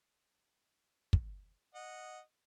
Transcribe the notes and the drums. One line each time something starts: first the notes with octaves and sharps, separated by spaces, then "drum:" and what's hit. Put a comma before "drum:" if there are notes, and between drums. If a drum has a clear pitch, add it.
drum: kick
D#5 F#5